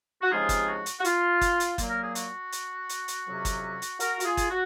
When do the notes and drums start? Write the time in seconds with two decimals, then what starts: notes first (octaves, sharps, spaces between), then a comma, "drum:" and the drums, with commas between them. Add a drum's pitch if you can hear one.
0.22 F#4
0.30 C#2 C3 F3 G#3 D#4 F4 G#4
0.49 drum: kick, hi-hat
0.68 F#4
0.86 drum: hi-hat
0.99 F#4
1.04 F4, drum: hi-hat
1.41 drum: kick, hi-hat
1.60 drum: hi-hat
1.78 A#2 F#3 A#3, drum: kick, hi-hat
1.89 A#4
2.02 G#4
2.15 F#4, drum: hi-hat
2.52 drum: hi-hat
2.89 drum: hi-hat
3.08 drum: hi-hat
3.27 F2 C3 F#3 C#4
3.45 drum: kick, hi-hat
3.82 drum: hi-hat
4.00 F#4 A#4, drum: hi-hat
4.20 F#4, drum: hi-hat
4.24 F4 G#4
4.37 drum: kick, hi-hat
4.50 F#4